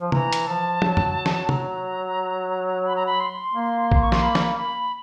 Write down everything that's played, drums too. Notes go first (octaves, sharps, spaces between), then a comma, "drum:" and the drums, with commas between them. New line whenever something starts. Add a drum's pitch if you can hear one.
F3
E3 A#5, drum: tom C3
drum: hi-hat
F3 A5
F#3, drum: tom
drum: tom F2
drum: snare
A#5, drum: tom
B5
A#5
B5
C6
A#3
drum: kick A#1
C#6
C6, drum: snare
B5
drum: snare
B5